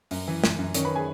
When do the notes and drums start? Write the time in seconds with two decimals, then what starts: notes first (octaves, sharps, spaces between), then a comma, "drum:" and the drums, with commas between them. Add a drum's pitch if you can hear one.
0.11 F#2, drum: open hi-hat
0.28 E3
0.44 F#2, drum: snare
0.59 F#2
0.74 D#3 C#4 C#5, drum: hi-hat
0.85 B4 B5
0.96 G#4 G#5